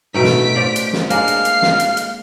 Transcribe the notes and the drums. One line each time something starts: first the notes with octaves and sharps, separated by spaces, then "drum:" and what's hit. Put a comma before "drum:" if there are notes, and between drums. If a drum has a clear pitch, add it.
B2 A3 D#4 B6 D7
drum: snare
C5 D5 F5
drum: hi-hat
drum: snare
G#3 A#3 D4 F5 C7, drum: hi-hat
drum: hi-hat
drum: hi-hat
drum: snare
drum: hi-hat
drum: hi-hat